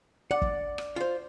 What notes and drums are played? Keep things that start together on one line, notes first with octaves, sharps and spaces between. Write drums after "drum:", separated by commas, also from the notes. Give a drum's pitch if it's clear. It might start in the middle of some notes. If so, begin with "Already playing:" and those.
D5 F#5
drum: kick
drum: rim click
F4 C5